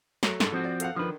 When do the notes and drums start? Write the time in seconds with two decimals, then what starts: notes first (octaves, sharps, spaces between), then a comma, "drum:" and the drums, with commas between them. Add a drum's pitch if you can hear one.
0.23 F#3 A3, drum: snare
0.40 G#2 A4 B5, drum: snare
0.52 F3 C4 F#4
0.64 D5
0.80 A4 F5 F#5, drum: hi-hat
0.96 D3 D#3 F3 B4